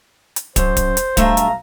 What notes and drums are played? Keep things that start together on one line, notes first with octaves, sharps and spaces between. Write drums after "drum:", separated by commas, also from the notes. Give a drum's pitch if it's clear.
drum: hi-hat
F#2 C5, drum: kick, hi-hat
drum: kick, hi-hat
drum: hi-hat
B1 G2 A3 E5 F5 A#5, drum: kick, hi-hat
drum: hi-hat